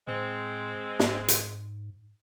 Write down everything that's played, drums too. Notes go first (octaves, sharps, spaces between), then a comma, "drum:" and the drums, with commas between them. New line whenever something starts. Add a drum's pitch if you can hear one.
A2 G#3 C4
G#2, drum: snare
drum: hi-hat